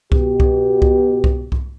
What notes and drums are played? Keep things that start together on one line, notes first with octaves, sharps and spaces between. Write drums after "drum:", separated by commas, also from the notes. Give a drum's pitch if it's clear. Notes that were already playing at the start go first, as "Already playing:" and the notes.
B2 G4, drum: kick C2
drum: kick C2
drum: kick C2
drum: kick C2
drum: kick C2